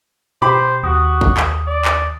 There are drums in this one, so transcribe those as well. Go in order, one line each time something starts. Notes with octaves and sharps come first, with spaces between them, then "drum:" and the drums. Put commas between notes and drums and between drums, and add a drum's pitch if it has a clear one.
B2 G4 C5 B5 D6
D#2 F#4 D#6
drum: kick G#1
drum: clap
D5
drum: clap